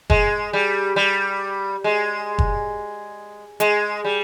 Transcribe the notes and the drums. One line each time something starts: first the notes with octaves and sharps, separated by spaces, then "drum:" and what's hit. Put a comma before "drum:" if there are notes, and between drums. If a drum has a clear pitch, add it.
G#3, drum: kick
G3
G3
G#3
drum: kick
G#3, drum: hi-hat
G3